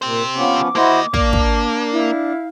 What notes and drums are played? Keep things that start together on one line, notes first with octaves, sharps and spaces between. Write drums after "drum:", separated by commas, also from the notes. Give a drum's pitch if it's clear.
A#2 G4 C5
F3 B3 C#4 D6
A#3 E4 F#4 C5 D#5
A#3 D4, drum: kick
drum: kick
E4 F5